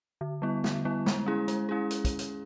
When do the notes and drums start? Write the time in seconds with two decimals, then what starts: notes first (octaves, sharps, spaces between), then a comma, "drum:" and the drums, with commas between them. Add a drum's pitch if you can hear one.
0.21 D3
0.42 G3 B3 E4
0.64 D3, drum: snare
0.85 G3 B3 E4
1.06 G#3, drum: snare
1.26 C#4 E4 G#4
1.48 G#3, drum: hi-hat
1.69 C#4 E4 G#4
1.91 drum: hi-hat
2.05 drum: kick, hi-hat
2.19 drum: hi-hat